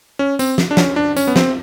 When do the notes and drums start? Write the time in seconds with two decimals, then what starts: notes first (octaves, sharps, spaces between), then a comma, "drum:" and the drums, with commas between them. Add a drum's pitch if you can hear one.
0.19 C#4
0.39 C4, drum: tambourine
0.58 drum: snare
0.71 D4
0.77 C#4, drum: snare
0.96 D4
1.16 C#4, drum: tambourine
1.27 B3
1.36 C4, drum: snare